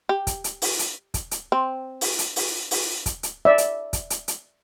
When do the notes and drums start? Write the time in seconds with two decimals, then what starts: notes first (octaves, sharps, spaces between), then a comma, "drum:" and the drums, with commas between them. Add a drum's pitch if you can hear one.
0.09 G4
0.27 drum: kick, hi-hat
0.44 drum: hi-hat
0.62 drum: open hi-hat
0.79 drum: hi-hat
1.14 drum: kick, hi-hat
1.31 drum: hi-hat
1.52 C4
2.01 drum: open hi-hat
2.19 drum: hi-hat
2.36 drum: open hi-hat
2.71 drum: open hi-hat
3.06 drum: kick, hi-hat
3.23 drum: hi-hat
3.45 D5 E5
3.58 drum: hi-hat
3.93 drum: kick, hi-hat
4.10 drum: hi-hat
4.28 drum: hi-hat